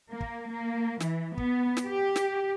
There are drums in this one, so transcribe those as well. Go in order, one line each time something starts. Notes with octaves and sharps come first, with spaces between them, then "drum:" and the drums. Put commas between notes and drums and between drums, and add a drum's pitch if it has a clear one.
A#3
drum: kick
A#3
E3, drum: snare
B3, drum: kick
drum: snare
G4
drum: snare